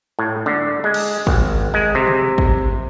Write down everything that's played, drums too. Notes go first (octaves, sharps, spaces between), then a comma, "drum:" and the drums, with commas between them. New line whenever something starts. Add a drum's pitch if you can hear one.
A2
D3, drum: tom
G#3
drum: cymbal
G#1, drum: kick
G#3
C3
drum: tom
drum: kick